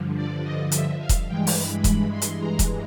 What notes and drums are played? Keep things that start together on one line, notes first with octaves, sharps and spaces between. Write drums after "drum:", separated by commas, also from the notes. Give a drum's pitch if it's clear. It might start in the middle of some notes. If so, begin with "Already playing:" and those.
Already playing: G2 D3 F3
D5
D#5
E5, drum: hi-hat
F5
drum: kick E1, hi-hat
G2 E3 G#3 G5
drum: open hi-hat
B5
B5, drum: kick E1, hi-hat
C6
drum: hi-hat
A#5
drum: kick E1, hi-hat